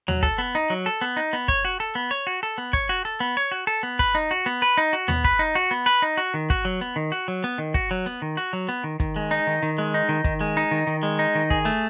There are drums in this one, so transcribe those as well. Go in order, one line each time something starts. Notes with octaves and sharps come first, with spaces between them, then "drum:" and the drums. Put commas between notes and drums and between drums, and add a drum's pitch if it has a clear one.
F#3, drum: tom D#2
A4, drum: kick, hi-hat
B3
D#4, drum: hi-hat
F#3
A4, drum: hi-hat
B3
D#4, drum: hi-hat
B3
C#5, drum: kick, hi-hat
F#4
A4, drum: hi-hat
B3
C#5, drum: hi-hat
F#4
A4, drum: hi-hat
B3
C#5, drum: kick, hi-hat
F#4
A4, drum: hi-hat
B3
C#5, drum: hi-hat
F#4
A4, drum: hi-hat
B3
B4, drum: kick, hi-hat
D#4
F#4, drum: hi-hat
B3
B4, drum: hi-hat
D#4
F#4, drum: hi-hat
B3, drum: tom D#2
B4, drum: kick, hi-hat
D#4
F#4, drum: hi-hat
B3
B4, drum: hi-hat
D#4
F#4, drum: hi-hat
D#3
F#4, drum: kick, hi-hat
F#3
B3, drum: hi-hat
D#3
F#4, drum: hi-hat
F#3
B3, drum: hi-hat
D#3
F#4, drum: kick, hi-hat
F#3
B3, drum: hi-hat
D#3
F#4, drum: hi-hat
F#3
B3, drum: hi-hat
D#3
D#3, drum: kick, hi-hat
G#3
D#4, drum: hi-hat
D#3
D#3, drum: hi-hat
G#3
D#4, drum: hi-hat
D#3
D#3, drum: kick, hi-hat
G#3
D#4, drum: hi-hat
D#3
D#3, drum: hi-hat
G#3
D#4, drum: hi-hat
D#3
G#4, drum: kick
A3